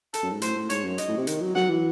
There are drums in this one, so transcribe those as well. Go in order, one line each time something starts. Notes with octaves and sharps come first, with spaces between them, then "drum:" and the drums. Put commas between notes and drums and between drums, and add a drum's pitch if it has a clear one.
A4, drum: hi-hat
F#2
G#2
A2 C5, drum: hi-hat
A2
G#2 C#5, drum: hi-hat
F#2
D#5, drum: hi-hat
A2
C3
D#3, drum: hi-hat
F#3
F#3 F#5, drum: snare
E3